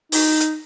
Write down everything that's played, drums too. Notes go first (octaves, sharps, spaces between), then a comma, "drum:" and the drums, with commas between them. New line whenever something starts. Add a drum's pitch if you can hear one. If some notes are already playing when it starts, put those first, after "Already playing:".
D#4, drum: open hi-hat
drum: hi-hat